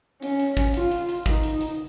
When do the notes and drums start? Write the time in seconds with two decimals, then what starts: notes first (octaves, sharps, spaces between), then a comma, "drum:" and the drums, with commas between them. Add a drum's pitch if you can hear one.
0.22 C#4, drum: hi-hat
0.39 drum: hi-hat
0.57 drum: kick, hi-hat
0.74 F4, drum: hi-hat
0.91 drum: hi-hat
1.09 drum: hi-hat
1.26 D#4, drum: kick, hi-hat
1.43 drum: hi-hat
1.61 drum: hi-hat